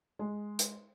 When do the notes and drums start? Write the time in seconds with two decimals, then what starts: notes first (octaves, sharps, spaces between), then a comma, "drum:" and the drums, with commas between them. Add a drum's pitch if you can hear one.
0.19 G#3
0.59 drum: hi-hat